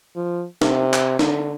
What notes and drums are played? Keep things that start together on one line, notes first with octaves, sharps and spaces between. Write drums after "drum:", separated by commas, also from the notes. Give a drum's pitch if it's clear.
F3
C3, drum: snare
drum: clap
D3, drum: snare